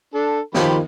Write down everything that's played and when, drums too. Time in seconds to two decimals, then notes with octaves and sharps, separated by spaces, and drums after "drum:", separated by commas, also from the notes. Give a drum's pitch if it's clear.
0.14 D4 A4
0.55 D#3 F3 F4 G4 B5, drum: snare